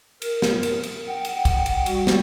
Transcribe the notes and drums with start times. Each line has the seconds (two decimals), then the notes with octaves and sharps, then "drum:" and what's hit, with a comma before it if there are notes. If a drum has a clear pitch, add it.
0.22 A#4, drum: cymbal
0.42 drum: snare
0.63 drum: cymbal
0.84 drum: cymbal
1.07 F#5 G5
1.25 drum: cymbal
1.45 drum: kick, cymbal
1.66 drum: cymbal
1.86 G3 F#4, drum: cymbal
2.07 drum: snare